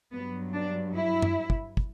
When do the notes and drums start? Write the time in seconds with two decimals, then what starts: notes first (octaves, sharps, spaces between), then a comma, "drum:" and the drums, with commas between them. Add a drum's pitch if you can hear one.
0.13 G2 F#3 B3
0.54 D4
0.95 E4
1.22 drum: tom F#2
1.50 drum: kick
1.77 drum: kick